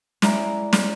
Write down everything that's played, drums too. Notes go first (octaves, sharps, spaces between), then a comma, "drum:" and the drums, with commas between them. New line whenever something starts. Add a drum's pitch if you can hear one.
G#3 E4 D5 A#5, drum: snare
drum: snare